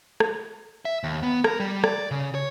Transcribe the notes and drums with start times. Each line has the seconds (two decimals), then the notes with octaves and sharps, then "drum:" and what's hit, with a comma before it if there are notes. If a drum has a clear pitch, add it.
0.20 drum: rim click
0.85 E5
1.04 D#2
1.23 B3
1.44 A#4, drum: rim click
1.60 G3
1.84 D5, drum: rim click
2.11 C#3
2.35 C#5